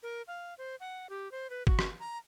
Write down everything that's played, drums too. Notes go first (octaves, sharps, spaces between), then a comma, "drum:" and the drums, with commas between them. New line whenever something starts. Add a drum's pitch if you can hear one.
A#4
F5
C5
F#5
G4
C5
B4
F#4, drum: kick
drum: rim click
A#5